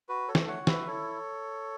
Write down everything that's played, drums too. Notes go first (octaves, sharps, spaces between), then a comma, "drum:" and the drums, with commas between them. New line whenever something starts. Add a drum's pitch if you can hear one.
F#4 B4
A4 C#5
A3, drum: snare
C#5 F#5
F#4
B4 E5, drum: snare
E4 A4 C#5